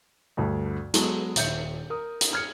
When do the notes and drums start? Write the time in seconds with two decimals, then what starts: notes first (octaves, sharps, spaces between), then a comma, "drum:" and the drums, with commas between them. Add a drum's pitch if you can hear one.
0.37 D2 G2 A3
0.94 F#3 G#3 B3 A4 C#6 G7, drum: hi-hat
1.36 D#1 E5 G6 C#7, drum: hi-hat
1.90 A#4 D#6
2.21 drum: hi-hat
2.33 F6 G#6 C#7